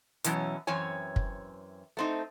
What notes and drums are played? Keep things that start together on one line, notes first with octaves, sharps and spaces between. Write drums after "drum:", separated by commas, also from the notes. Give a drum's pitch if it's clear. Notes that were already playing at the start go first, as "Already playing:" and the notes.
B2 E3 F#3 C#4, drum: hi-hat
F#2 E3 C4 C#5 G#5
drum: kick
A3 C4 D#4